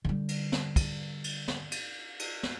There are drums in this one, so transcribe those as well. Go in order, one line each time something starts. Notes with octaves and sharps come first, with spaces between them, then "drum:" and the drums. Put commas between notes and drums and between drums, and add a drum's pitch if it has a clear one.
D3 G3
drum: cymbal
drum: snare
drum: kick, cymbal
drum: cymbal
drum: snare
drum: cymbal
drum: cymbal
drum: snare